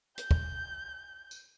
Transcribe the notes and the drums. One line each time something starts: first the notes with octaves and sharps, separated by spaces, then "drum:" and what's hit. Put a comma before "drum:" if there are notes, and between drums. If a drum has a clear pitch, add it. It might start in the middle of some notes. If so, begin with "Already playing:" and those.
G6, drum: hi-hat
drum: kick
drum: tambourine